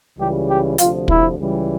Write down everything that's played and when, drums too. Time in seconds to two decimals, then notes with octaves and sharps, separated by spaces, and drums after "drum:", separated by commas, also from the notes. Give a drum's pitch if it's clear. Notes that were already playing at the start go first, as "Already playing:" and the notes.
0.18 C#2 C#3 E3 G3 G4
0.48 G4
0.78 D2 C3 F3 F4, drum: hi-hat
1.08 E4, drum: kick
1.38 C#2 C#3 E3 G3